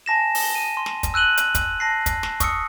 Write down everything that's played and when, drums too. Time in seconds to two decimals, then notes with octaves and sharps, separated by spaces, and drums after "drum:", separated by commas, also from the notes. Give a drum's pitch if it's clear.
0.06 G#5 A5 A#6 E7
0.35 drum: open hi-hat
0.55 D#7
0.77 C6
0.86 drum: snare
1.03 drum: kick, hi-hat
1.14 E6 F#6 D#7 F#7 G7
1.37 drum: hi-hat
1.55 drum: kick, hi-hat
1.80 A5 A#6 C7
2.06 drum: kick, hi-hat
2.23 drum: snare
2.40 C#6 D#6 E6 C#7, drum: kick, hi-hat